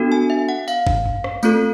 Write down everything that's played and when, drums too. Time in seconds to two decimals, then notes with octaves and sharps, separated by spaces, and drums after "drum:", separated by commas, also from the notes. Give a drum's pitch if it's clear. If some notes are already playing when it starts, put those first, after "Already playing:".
Already playing: B3 D4 F#4 A4
0.12 G#5
0.30 E5
0.49 F#5
0.68 F5, drum: tambourine
0.87 drum: kick
1.05 drum: tom F#2
1.24 drum: rim click
1.43 A3 C4 F4 A4, drum: tambourine